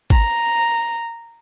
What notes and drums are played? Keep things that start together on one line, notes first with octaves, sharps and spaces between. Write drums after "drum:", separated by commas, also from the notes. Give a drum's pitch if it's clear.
A#5, drum: kick G#1